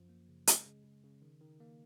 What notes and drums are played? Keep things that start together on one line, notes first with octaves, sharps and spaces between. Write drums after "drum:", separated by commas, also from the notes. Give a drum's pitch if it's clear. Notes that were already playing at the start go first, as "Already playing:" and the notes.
Already playing: F#2 F3
A#3
C#3
G#3, drum: hi-hat
C#3
C#3
C#3
D#3
D#3
A#3